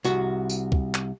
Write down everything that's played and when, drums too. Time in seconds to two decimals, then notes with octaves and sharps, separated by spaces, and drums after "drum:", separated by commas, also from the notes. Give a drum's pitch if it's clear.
0.04 C2 F#4, drum: tambourine
0.49 drum: tambourine
0.72 drum: kick
0.94 drum: clap